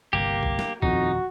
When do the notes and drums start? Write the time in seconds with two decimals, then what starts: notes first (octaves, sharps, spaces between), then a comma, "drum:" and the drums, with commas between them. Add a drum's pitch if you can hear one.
0.13 G1 C2 A#3 G4
0.43 drum: kick
0.59 drum: snare
0.82 D#1 F2 D#4 F#4, drum: kick